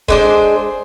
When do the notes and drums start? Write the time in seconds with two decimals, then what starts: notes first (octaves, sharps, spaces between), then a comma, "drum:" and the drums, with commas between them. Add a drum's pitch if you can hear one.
0.08 G#3 D4 C5, drum: kick